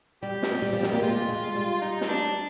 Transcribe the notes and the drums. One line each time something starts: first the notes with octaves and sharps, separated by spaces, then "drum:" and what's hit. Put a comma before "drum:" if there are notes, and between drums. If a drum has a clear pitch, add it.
G3 G4
drum: snare
G3
F3
G3, drum: snare
A#3
G#3 F4
G#3
G3
D#4
D#4, drum: snare
D4